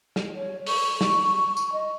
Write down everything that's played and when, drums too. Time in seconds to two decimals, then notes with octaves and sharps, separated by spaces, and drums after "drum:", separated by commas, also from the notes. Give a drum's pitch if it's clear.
0.16 drum: snare
0.35 C#5
0.67 C#6, drum: open hi-hat
1.01 drum: snare
1.57 drum: tambourine
1.72 D#5